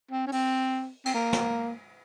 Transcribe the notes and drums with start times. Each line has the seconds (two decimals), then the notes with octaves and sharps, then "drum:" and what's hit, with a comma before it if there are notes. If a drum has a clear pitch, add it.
0.11 C4
0.27 C#4
0.32 C4, drum: open hi-hat
1.05 C4, drum: cymbal
1.14 A#3
1.33 drum: snare